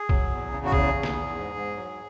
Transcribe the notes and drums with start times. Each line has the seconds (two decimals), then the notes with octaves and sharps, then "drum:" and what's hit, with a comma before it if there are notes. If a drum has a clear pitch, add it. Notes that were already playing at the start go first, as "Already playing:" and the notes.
Already playing: G#4
0.09 F#3, drum: kick
0.30 E2
0.51 C#3
0.65 F#4
0.72 E2 G#4, drum: kick
0.94 E2
1.03 drum: snare
1.14 E2
1.35 G#2
1.55 G#2
1.76 F#3